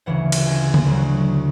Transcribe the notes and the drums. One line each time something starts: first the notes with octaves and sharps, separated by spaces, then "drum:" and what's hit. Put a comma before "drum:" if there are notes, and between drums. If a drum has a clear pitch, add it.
D2 C#3 E3 F#5
drum: cymbal
G#5
drum: tom D3
D2 D3 F#3